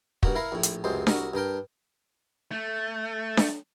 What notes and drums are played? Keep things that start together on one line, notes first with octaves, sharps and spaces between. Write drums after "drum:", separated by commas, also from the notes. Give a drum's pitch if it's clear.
G2 A#3 F#4, drum: kick
E4 A#4 F5 A#5
A#1 A2
drum: hi-hat
C#2 F#2 C3 G#3 C5
C2 F#4 A#4, drum: snare D4
G2 D4 A#4 G5
A3
drum: snare D4